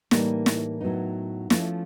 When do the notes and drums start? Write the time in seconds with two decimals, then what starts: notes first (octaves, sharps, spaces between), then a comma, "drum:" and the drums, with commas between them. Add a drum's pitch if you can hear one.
0.11 A2 E3 G3 A#3 D#4 A#4, drum: snare
0.46 drum: snare
0.81 A2 F#3 B3 D#4
1.50 F3 A3 C#4 E4, drum: snare